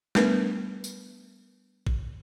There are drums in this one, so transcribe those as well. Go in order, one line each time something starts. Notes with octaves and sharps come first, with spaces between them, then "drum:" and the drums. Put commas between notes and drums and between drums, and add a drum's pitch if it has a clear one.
G3 A3 B3 D4 A#4 B4, drum: snare
drum: tambourine
drum: kick A1